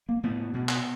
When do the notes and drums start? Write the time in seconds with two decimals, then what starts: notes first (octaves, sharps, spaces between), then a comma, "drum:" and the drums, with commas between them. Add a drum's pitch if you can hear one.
0.09 A#3
0.23 A2 B3
0.54 B2
0.69 drum: clap